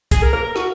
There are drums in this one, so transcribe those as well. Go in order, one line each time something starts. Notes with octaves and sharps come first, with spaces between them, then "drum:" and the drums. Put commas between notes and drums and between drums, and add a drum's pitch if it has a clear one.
G#4, drum: kick, hi-hat
A#4
A#4
A#4
F#4, drum: rim click